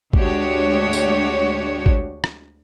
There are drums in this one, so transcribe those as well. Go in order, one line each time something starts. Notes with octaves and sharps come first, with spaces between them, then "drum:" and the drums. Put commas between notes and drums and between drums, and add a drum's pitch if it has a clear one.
D2 G#3 D4 F#4 G4 C#5, drum: kick
drum: tambourine
drum: kick
drum: rim click